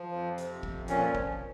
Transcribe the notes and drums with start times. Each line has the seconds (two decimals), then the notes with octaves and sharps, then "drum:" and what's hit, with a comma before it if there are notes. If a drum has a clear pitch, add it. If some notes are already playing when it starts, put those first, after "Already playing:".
Already playing: F3
0.12 F2
0.38 C3, drum: hi-hat
0.63 F2, drum: kick
0.88 A#2 C#4, drum: hi-hat
1.15 F3, drum: kick